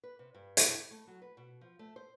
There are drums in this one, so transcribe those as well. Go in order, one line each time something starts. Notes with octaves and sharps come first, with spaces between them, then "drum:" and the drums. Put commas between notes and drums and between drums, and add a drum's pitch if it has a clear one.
B4
C3
G2
E4, drum: hi-hat
A3
F#3
B4
B2
F3
A3
C5